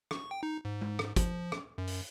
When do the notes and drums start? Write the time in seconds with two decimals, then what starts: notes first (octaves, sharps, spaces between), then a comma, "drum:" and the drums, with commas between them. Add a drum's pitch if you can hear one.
0.11 C#6, drum: rim click
0.31 G5
0.43 D#4
0.65 G#2
0.81 drum: tom G#3
0.99 drum: rim click
1.16 F3, drum: kick, hi-hat
1.52 drum: rim click
1.78 F#2
1.87 drum: open hi-hat